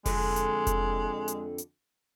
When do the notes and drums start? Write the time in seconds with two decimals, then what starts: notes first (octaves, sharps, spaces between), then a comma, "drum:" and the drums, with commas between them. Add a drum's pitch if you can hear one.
0.06 F2 D3 G#3, drum: kick F1, open hi-hat
0.36 drum: hi-hat
0.67 drum: kick F1, hi-hat
1.28 drum: hi-hat
1.58 drum: hi-hat